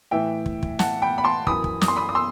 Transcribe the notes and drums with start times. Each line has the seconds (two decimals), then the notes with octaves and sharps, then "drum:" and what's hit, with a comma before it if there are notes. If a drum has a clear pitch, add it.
0.11 A2 E3 E5 G5
0.46 drum: kick
0.63 drum: kick
0.79 F#5 A5, drum: snare
1.02 G5 B5
1.18 B5
1.24 A5 C6
1.47 F#2 E3 B5 D#6, drum: kick
1.64 drum: kick
1.81 D#6, drum: snare
1.88 C6
1.96 B5 D#6
2.09 D#6
2.15 C6 E6